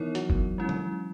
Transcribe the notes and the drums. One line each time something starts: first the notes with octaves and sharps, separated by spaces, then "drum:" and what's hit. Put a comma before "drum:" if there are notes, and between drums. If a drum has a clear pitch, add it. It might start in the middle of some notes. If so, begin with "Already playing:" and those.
Already playing: D#3 E3 B3 E4 A#4 C#5
F#3, drum: hi-hat
drum: kick F#1
G#3 C#4 E4
drum: tom